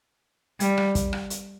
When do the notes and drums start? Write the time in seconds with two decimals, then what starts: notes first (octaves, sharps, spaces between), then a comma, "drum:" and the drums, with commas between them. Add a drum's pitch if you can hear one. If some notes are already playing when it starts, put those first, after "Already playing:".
0.60 G3, drum: hi-hat
0.78 drum: rim click
0.95 drum: kick, hi-hat
1.13 drum: rim click
1.30 drum: hi-hat